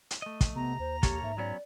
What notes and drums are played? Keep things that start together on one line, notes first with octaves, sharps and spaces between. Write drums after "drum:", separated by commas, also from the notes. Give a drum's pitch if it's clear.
drum: hi-hat
A3 D#5
drum: kick, hi-hat
C3 B3 A#5
D#2 C5
A#3 G4 A4 C#5, drum: kick, hi-hat
G#2 E5
F#3 B3 C#4 D5